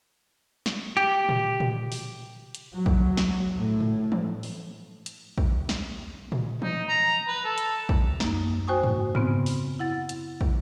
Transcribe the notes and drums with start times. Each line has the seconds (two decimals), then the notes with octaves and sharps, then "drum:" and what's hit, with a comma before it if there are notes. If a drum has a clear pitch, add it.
0.66 drum: snare
0.97 G4
1.29 drum: tom A#2
1.60 drum: tom A#2
1.92 drum: open hi-hat
2.55 drum: hi-hat
2.73 F#3
2.86 drum: kick
3.17 drum: snare
3.55 A2
3.80 drum: tom A2
4.12 drum: tom E3
4.43 drum: open hi-hat
5.06 drum: hi-hat
5.38 drum: kick
5.69 drum: snare
6.32 drum: tom A#2
6.62 D#4, drum: tom E3
6.89 A#5
7.28 B4
7.44 A4
7.58 drum: hi-hat
7.89 drum: kick
8.20 F#2 A#3 D#4, drum: snare
8.67 F#4 C5 G5 G#5 C#6 D#6
8.83 drum: tom G#2
9.15 C#3 B3 C4, drum: tom G#2
9.46 drum: open hi-hat
9.79 E4 F#5 A6
10.09 drum: hi-hat
10.41 drum: kick